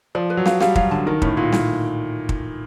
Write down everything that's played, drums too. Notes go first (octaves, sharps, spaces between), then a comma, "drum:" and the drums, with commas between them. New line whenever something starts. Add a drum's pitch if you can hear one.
F3 D5
B4
F#3
F5, drum: snare
G3 F5, drum: snare
F#3 F5, drum: kick
D3 A5
D#3 A#4
A2 C#4, drum: kick
A#2 F#4
drum: snare
drum: kick